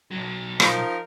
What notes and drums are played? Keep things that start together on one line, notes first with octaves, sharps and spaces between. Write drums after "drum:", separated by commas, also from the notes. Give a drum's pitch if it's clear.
B1 F#3
F3 D#4 A#4, drum: rim click